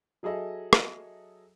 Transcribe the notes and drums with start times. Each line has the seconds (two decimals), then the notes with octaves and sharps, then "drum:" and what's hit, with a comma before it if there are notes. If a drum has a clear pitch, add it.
0.23 F#3 G#4 A4 D#5 E5
0.73 drum: rim click